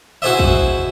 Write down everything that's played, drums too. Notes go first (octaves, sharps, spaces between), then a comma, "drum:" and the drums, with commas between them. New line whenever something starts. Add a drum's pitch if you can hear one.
E4 F#4 G#4 C5 D#5 E5
drum: kick